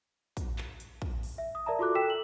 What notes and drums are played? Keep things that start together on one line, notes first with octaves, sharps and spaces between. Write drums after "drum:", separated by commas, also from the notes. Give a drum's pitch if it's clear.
drum: kick, hi-hat
drum: clap
drum: hi-hat
drum: kick
drum: open hi-hat
E5
D#6
A#4 D5 E5 A5 A#5
F4 F#4 A4 D6 F#6
A4 G5 E6 B6 E7
F#7